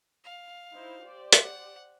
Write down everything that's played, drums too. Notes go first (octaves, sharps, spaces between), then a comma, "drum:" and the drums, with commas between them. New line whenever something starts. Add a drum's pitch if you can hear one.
F5
D#4 E4 C5
G4 C5 D5
F#5, drum: hi-hat